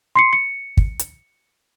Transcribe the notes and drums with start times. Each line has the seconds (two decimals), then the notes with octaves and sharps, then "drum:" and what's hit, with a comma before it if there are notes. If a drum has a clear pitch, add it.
0.16 C6 C7 C#7
0.33 C#7
0.77 drum: kick
0.99 drum: hi-hat